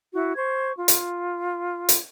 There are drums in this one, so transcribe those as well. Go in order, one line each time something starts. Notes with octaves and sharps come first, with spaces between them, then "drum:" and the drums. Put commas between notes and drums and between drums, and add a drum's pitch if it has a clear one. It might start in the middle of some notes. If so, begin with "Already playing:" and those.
E4 F#4
C5 C#6 G#6
F4
drum: hi-hat
drum: hi-hat